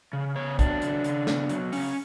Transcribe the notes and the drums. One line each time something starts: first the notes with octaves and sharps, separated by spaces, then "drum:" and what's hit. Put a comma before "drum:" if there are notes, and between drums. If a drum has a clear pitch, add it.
C#3
B3 C#5
F#3 D4, drum: kick, hi-hat
C#3, drum: hi-hat
C#3, drum: hi-hat
B3, drum: snare
F#3, drum: hi-hat
C#3 C#4, drum: open hi-hat